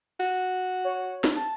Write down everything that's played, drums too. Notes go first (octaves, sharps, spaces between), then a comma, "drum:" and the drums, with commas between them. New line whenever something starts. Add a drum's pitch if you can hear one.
F#4, drum: open hi-hat
C#5
drum: snare
A5